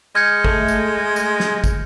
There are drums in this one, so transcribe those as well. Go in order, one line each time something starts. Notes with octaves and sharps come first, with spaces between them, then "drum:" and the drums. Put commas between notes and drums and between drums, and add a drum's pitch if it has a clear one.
G#3 F6 G6 G#6 C#7
A3, drum: kick
drum: tambourine
drum: tambourine
drum: snare
drum: kick, tambourine